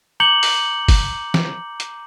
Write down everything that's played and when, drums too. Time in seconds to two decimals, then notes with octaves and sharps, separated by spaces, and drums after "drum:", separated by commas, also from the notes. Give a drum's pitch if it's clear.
0.20 A#5 D6 G6 C#7 F#7 G7
0.43 drum: open hi-hat
0.88 drum: kick, open hi-hat
1.34 drum: snare
1.80 drum: hi-hat